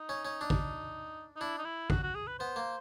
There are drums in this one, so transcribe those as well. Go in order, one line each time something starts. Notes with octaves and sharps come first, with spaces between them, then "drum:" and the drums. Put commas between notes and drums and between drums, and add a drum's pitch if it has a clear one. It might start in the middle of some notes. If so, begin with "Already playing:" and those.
Already playing: D#4
C#4
C#4
D4
drum: kick A1
D#4
D4 E4
D#4
E4
F#4, drum: kick A1
F#4
G#4
B4
B3 C5
A#3